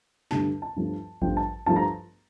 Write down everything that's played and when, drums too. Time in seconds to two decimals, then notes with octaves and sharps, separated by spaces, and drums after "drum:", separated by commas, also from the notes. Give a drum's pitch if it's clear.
0.31 G2 D3 A3 A5, drum: snare
0.62 A5
0.76 G2 F3 A3
1.22 G2 F3 A3 G5, drum: kick A1
1.37 A5
1.66 G2 F3 A3 A5
1.76 A#5